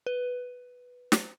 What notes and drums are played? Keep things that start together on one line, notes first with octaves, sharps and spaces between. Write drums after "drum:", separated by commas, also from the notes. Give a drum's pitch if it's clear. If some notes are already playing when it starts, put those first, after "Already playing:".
B4
drum: snare